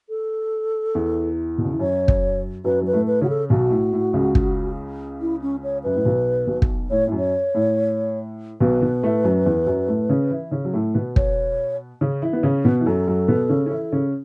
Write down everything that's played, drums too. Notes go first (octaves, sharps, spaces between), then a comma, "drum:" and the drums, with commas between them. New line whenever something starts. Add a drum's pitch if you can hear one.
A4
E2 E3
B2
C#3
E3
F#2 F#3 C#5
drum: kick
F#2 F#3 B4
F#3
B4
A2 A3
B4
C#3 C#4 F#4
A4
B1 B2 F#4
A2
A2
C#2 C#3
drum: kick
E4
C#4
C#5
F#2 B4
A2
B1 B2
B1 B2
drum: kick
A2 C#5
A2
F#2
C#5
A2
B1 B2 B4
B2 B3
A2 A3
F#2 F#3
E2 E3
F#2 F#3
A2 A3
C#3 C#4
E3 E4
C#3 C#4
F#3
A2 A3
B2 B3
C#5, drum: kick
C#3 C#4
E3 E4
B3
C#3 C#4
B2 B3
E3
F#2 F#3 A4
F#2 F#3
B2 B3
C#3 C#4
C#4
E3 E4
C#3 C#4